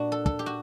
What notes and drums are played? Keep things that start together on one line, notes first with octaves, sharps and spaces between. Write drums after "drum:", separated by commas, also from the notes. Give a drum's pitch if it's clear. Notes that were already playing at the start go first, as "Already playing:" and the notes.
Already playing: A#2 D4 F#4
A4
A4, drum: kick
G4
F#4